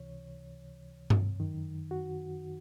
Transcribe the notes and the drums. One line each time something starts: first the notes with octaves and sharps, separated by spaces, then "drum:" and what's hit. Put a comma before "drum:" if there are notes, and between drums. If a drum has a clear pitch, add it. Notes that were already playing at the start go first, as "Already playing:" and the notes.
Already playing: C#2 C3 E3 C#5
drum: tom G2
F#2 D#3
F#4